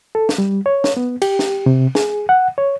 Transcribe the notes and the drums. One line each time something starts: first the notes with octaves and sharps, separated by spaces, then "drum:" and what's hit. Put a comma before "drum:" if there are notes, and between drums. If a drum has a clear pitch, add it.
A4
drum: snare
G3
C#5
drum: snare
B3
G4, drum: cymbal
drum: snare
C3
G#4, drum: snare
F#5
C#5